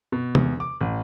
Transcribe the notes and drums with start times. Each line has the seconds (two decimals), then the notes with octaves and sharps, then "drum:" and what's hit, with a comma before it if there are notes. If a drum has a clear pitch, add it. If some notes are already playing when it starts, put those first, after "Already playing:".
0.12 B2
0.35 E2, drum: tom C3
0.60 D6
0.81 A1